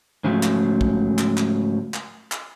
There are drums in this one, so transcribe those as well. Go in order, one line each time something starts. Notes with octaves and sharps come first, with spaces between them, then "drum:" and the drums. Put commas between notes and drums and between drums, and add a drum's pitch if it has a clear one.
G#2 C#3 F3 F#3 A3
drum: clap
drum: kick
drum: clap
drum: clap
drum: clap
drum: clap